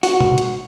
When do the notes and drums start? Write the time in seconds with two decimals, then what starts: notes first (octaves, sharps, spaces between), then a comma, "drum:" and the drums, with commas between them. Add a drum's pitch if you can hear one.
0.03 F#4, drum: open hi-hat
0.20 drum: tom B2
0.38 drum: hi-hat